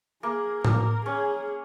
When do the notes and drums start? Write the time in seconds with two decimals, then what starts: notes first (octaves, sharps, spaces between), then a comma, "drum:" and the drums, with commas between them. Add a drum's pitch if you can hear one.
0.23 A#3 G#4
0.65 A#4, drum: tom A2
1.05 C#4 G#4